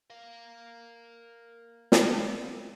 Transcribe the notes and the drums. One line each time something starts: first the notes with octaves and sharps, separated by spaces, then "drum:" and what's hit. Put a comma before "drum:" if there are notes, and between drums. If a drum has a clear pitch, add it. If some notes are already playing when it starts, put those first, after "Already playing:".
A#4 F5
drum: snare